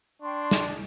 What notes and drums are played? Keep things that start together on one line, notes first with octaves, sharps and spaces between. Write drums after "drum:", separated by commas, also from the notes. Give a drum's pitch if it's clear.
D4 G5 C6 C#6
drum: snare